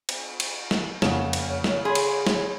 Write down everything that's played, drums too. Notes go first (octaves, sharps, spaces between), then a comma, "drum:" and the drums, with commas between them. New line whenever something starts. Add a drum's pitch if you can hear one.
drum: cymbal
drum: cymbal
drum: snare
F2 C#3 A#3 C#5 F#5 E7, drum: snare
drum: cymbal
drum: snare
G#4 B5 C6
drum: cymbal
drum: snare